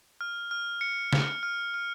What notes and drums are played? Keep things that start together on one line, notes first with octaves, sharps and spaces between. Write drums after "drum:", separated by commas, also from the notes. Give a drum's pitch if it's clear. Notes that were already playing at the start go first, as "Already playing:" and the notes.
F6
F6
C#7
F6, drum: snare
F6
F6